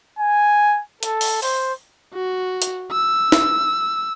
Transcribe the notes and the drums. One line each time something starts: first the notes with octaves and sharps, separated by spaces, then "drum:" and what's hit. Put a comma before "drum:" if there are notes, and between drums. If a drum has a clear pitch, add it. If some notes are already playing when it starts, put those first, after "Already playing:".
G#5
A4, drum: hi-hat
drum: open hi-hat
C5, drum: open hi-hat
F#4
drum: hi-hat
E6
drum: snare